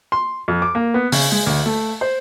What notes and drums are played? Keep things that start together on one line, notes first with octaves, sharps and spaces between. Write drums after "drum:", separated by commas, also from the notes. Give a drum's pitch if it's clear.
C6
F2
D6
A#3
B3
C#3, drum: open hi-hat
G#3
D2
A3
C5